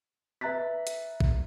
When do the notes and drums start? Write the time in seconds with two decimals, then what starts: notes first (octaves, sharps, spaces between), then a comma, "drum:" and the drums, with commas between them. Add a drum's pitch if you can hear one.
0.41 B4 E5 A#5 F#6 A6 B6
0.87 drum: hi-hat
1.20 drum: kick A#1